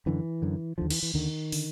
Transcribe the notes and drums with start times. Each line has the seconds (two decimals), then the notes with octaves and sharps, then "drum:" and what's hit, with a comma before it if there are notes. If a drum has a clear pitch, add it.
0.06 F#2 D3 E3
0.42 F#2 D3
0.78 D#2 D3 F3
0.90 E3, drum: cymbal
1.03 E3
1.14 D#2 D3 D#3
1.52 D3, drum: open hi-hat